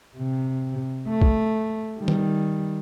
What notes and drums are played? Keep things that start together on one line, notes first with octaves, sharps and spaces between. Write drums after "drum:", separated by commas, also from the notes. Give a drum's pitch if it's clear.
C3
A3
drum: kick B1
D#3 G3
drum: tom D#3